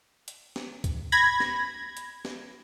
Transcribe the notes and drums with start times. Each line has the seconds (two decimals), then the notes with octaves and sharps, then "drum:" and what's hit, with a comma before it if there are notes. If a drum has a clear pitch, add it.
0.28 drum: hi-hat
0.56 drum: snare
0.84 drum: kick C#2, hi-hat
1.12 B5 G#6 A#6
1.40 drum: snare
1.97 drum: hi-hat
2.25 drum: snare